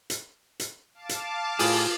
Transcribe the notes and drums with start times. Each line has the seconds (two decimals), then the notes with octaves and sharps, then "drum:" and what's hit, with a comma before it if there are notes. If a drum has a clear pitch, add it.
0.10 drum: hi-hat
0.60 drum: hi-hat
0.94 F5 A5 D6
1.09 drum: hi-hat
1.59 A2 F4 G#4, drum: open hi-hat